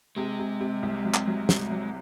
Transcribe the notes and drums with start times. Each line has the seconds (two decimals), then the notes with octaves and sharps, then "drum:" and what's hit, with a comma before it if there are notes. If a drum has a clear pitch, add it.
0.16 C3 G#3
0.39 C3
0.61 C3
0.83 C2
1.05 F#3
1.14 drum: clap
1.27 F#3
1.49 C2, drum: snare
1.71 F#3